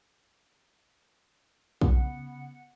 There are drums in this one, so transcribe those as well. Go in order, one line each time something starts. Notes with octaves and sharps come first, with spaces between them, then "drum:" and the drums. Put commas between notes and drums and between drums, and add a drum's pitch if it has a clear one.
C#3 B3 F#5, drum: kick